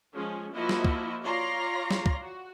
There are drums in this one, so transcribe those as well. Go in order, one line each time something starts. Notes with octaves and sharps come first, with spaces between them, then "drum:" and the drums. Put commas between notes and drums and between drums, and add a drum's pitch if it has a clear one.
F3 G#3 C#4
F3 A#3 E4 F#4 D#5
drum: snare
drum: kick
F4 C#5 D5 A#5 C6
drum: snare
drum: kick
F#4